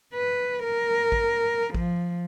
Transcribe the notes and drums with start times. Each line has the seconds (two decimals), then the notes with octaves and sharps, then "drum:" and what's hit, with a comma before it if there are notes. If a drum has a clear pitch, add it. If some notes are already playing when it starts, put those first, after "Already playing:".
0.14 B4
0.64 A#4
1.12 drum: kick
1.75 F3, drum: kick